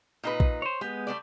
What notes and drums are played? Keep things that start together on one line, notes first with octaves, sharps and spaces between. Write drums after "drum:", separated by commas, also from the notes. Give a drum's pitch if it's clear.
A#2 D#4 B4
drum: kick A#1
C5 C#5
G#3 B3 G4
G3 A3 D5